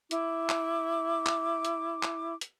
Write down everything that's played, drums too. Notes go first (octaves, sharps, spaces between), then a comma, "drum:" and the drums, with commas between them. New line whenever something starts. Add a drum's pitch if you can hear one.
E4 D6, drum: hi-hat
drum: clap
drum: clap
drum: hi-hat
drum: clap
drum: hi-hat